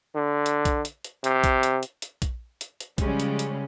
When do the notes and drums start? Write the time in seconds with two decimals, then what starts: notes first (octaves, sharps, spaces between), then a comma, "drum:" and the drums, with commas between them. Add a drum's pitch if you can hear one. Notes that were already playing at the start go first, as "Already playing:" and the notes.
0.15 D3
0.46 drum: hi-hat
0.65 drum: kick A#1, hi-hat
0.85 drum: hi-hat
1.04 drum: hi-hat
1.24 C3, drum: hi-hat
1.44 drum: kick A#1, hi-hat
1.63 drum: hi-hat
1.83 drum: hi-hat
2.02 drum: hi-hat
2.22 drum: kick A#1, hi-hat
2.61 drum: hi-hat
2.80 drum: hi-hat
2.98 C#3 F3 G3 G#3 C#4, drum: kick A#1, hi-hat
3.20 drum: hi-hat
3.39 drum: hi-hat